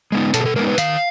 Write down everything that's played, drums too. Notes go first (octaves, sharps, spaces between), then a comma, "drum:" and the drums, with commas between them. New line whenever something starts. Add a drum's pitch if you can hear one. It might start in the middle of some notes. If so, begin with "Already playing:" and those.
G#3 B3 D#4
B2 A4, drum: hi-hat
G#4
A4
G#3 B3 D#4 A#4
B4
D#3 F5, drum: hi-hat